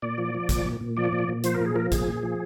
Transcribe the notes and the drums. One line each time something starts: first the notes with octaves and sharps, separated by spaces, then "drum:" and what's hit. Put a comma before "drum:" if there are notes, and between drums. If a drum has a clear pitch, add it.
A#2 D5
F3
F3
A#2, drum: kick, hi-hat
A#2
A#2
F3 D5
A#2
A#2
F3 C5, drum: hi-hat
A#4
A#2
G#4
F3 A#4
A#2 G#4, drum: kick, hi-hat
A#2
F3